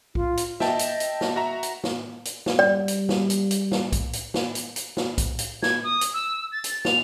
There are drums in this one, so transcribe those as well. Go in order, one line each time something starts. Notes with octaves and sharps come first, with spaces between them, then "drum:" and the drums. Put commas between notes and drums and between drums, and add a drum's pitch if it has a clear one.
F4, drum: kick B1
drum: hi-hat
D#5 E5 G5 A5, drum: snare
drum: hi-hat
drum: hi-hat
drum: snare
F#4 E5 A#5
drum: hi-hat
drum: snare
drum: hi-hat
drum: snare
G3 D5
drum: hi-hat
drum: snare
drum: hi-hat
drum: hi-hat
drum: snare
drum: kick B1, hi-hat
drum: hi-hat
drum: snare
drum: hi-hat
drum: hi-hat
drum: snare
drum: kick B1, hi-hat
drum: hi-hat
G#6, drum: snare
D#6
drum: hi-hat
E6
A6
drum: hi-hat
F7, drum: snare